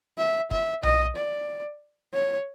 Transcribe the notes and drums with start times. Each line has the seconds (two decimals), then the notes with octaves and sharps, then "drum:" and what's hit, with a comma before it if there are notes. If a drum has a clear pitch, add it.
0.18 E5
0.51 E5, drum: kick
0.83 D#5, drum: tom B1
1.16 D5
2.14 C#5